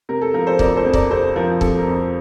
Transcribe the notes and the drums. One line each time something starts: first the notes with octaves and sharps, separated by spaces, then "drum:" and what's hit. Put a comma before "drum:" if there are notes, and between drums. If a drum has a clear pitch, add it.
C3 A#4
A4
F3 A#4
A4 C5
F2 A#4 D5, drum: kick
A4 C5
F2
A#4 D5, drum: kick
C3 A4 C5
F3 A#4
F2 A4, drum: kick
A#4
F2